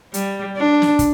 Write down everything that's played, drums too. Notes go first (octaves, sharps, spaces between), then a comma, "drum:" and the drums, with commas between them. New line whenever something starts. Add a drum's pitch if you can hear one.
G3, drum: hi-hat
D4
drum: snare
drum: kick, hi-hat